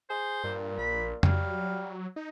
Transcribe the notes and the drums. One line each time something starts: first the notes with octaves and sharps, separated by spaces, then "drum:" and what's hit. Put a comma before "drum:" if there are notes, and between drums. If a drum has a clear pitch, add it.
G#4 C5
G2 A#2
A#1 B5
F#3 G3 F5, drum: tom F2
D#4